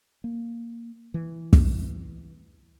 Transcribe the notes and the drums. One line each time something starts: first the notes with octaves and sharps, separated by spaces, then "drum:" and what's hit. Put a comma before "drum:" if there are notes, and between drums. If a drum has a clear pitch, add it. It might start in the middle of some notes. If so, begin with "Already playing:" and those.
A#3
E3
drum: kick